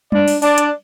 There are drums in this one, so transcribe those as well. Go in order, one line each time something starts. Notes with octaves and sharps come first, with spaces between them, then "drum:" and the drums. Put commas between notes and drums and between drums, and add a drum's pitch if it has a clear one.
D4 D5, drum: tom G3
drum: open hi-hat
D4 D5, drum: open hi-hat
drum: hi-hat